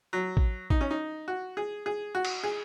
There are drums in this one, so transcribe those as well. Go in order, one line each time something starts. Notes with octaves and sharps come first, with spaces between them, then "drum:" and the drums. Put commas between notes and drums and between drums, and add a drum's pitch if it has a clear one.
F#3
drum: kick A1
D#4, drum: kick A1
C#4
D#4
F#4
G#4
G#4
F#4
drum: cymbal
G#4